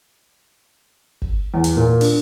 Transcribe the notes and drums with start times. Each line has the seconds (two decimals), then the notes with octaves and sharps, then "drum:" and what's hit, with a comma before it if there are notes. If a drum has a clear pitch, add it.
1.22 drum: kick
1.54 E2
1.64 drum: hi-hat
1.77 A#2
2.01 D4, drum: open hi-hat